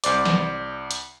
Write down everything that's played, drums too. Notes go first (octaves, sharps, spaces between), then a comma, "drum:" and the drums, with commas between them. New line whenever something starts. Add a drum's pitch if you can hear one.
C2 C5 D5 D6, drum: hi-hat
drum: snare
drum: hi-hat